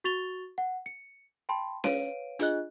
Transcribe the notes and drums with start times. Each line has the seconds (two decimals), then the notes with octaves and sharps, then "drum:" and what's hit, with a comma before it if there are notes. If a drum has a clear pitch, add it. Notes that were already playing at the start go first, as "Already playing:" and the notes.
0.04 F#4 C#6 A6 F7 G7
0.58 F#5
0.86 C#7
1.49 G5 A5 B5 C6
1.84 B4 C#5 F5 D7 D#7, drum: snare C#4
2.39 D4 F4 G#4 D#5 F#6, drum: hi-hat